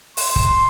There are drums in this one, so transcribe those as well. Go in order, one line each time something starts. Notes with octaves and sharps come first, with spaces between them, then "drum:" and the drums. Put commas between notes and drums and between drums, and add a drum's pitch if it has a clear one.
C6, drum: open hi-hat
drum: kick